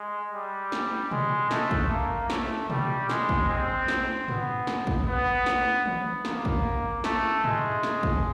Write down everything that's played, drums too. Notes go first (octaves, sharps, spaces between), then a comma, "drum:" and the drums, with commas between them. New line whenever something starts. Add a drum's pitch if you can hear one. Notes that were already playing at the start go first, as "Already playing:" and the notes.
Already playing: G#3
G3
drum: snare
G#3, drum: tom
A3, drum: snare
drum: kick
A#3
A3, drum: snare
G3, drum: tom
G#3, drum: snare
drum: kick
C4
drum: snare
B3, drum: tom
drum: snare
drum: kick
B3
drum: snare
drum: tom D#3
A#3, drum: snare
drum: kick
A3, drum: snare
G#3, drum: tom
drum: snare
drum: kick